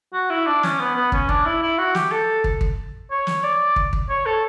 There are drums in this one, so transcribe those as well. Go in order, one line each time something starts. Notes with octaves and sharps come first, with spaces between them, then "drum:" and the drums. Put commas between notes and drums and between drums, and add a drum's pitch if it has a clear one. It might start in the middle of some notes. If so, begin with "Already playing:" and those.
F#4
E4
D4
C#4, drum: snare
B3
B3
C#4, drum: kick
D4, drum: kick
E4
E4
F#4
G4, drum: snare
A4
drum: kick
drum: kick
C#5
drum: snare
D5
drum: kick
drum: kick
C#5
A4